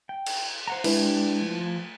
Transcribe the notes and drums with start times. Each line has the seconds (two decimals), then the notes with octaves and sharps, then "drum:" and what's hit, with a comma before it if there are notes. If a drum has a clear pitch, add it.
0.09 G5
0.26 drum: cymbal
0.68 C5 F#5 A#5
0.84 G#3 D4 E4 G4 B4, drum: cymbal
1.41 F3 A3